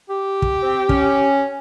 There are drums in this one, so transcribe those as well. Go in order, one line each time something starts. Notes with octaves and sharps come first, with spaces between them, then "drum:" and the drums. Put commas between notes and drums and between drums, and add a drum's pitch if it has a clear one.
G4
drum: kick
C4
C#4, drum: kick